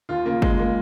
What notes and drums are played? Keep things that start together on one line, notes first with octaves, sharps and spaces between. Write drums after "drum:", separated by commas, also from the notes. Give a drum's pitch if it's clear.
D#2 F4
C#3 A#3
D#2 G#3, drum: kick G1
A#3